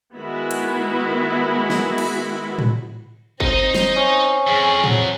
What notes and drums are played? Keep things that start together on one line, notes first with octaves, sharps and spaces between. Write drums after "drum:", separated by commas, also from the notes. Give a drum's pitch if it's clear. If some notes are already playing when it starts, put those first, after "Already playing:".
D#3 G#3 B3 E4 F#4 B5
drum: hi-hat
drum: snare
drum: cymbal
drum: tom A2
C4 D#4 D#5, drum: kick
drum: snare
C#4
F2 G#4
F#3, drum: tom A2